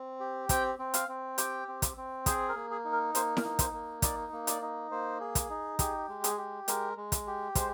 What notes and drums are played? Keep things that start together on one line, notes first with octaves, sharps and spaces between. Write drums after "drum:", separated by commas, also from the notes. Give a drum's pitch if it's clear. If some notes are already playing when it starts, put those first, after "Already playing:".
Already playing: C4
G4
C4 G5, drum: kick, hi-hat
C4
F5, drum: hi-hat
C4
G4 G5, drum: hi-hat
C4
drum: kick, hi-hat
C4
G#4 C5, drum: kick, hi-hat
A#4
A#3
G#4
D#4
A#4
A#3 C5, drum: hi-hat
A#4, drum: snare E4
D#4
C5, drum: kick, hi-hat
A#3
D#4 D5, drum: kick, hi-hat
A#3
D5, drum: hi-hat
D#4
A#3 C5
G#4
drum: kick, hi-hat
D#4
G4 G#4, drum: kick, hi-hat
G#3
G#4, drum: hi-hat
G4
G#3 A#4, drum: hi-hat
G#3
drum: kick, hi-hat
G4
G#3 C5, drum: kick, hi-hat